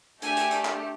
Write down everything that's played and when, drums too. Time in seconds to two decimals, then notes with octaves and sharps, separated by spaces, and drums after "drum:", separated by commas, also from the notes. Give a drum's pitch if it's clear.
0.22 A3 D4 G4 G#5, drum: hi-hat
0.37 drum: hi-hat
0.51 drum: hi-hat
0.65 drum: clap